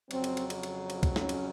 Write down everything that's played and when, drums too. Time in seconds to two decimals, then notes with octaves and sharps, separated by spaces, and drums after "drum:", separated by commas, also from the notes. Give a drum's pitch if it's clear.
0.11 F2 C#3 F#3 C4, drum: cymbal
0.24 drum: cymbal
0.37 drum: cymbal
0.50 drum: cymbal
0.63 drum: cymbal
0.90 drum: cymbal
1.03 drum: kick C2, cymbal
1.16 C#4, drum: snare
1.29 drum: cymbal